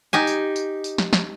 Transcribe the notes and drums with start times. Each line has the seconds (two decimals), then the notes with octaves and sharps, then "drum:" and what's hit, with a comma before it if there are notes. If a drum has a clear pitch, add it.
0.13 D#4 G4 G#5
0.27 drum: tambourine
0.56 drum: tambourine
0.84 drum: tambourine
0.98 drum: snare
1.13 drum: snare